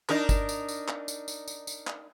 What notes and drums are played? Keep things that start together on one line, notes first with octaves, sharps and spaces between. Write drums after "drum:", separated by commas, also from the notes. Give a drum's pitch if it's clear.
D4 D#4 A#4, drum: clap
drum: kick G1, tambourine
drum: tambourine
drum: tambourine
drum: clap
drum: tambourine
drum: tambourine
drum: tambourine
drum: tambourine
drum: clap